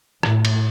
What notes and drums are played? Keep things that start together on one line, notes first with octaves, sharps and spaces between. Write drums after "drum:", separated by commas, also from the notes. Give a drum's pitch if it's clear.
A2, drum: rim click
drum: cymbal